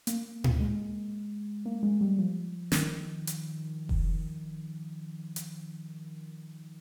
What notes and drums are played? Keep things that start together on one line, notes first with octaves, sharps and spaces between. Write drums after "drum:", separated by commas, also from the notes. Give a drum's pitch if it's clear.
A#3, drum: hi-hat
drum: tom A2
G#3
A#3
G#3
G3
F3
D#3, drum: snare
drum: hi-hat
drum: kick F1
drum: hi-hat